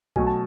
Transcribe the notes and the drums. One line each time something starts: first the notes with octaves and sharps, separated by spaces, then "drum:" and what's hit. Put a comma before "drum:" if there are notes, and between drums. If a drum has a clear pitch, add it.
B2 F#3 A3 G#5, drum: kick B1
A5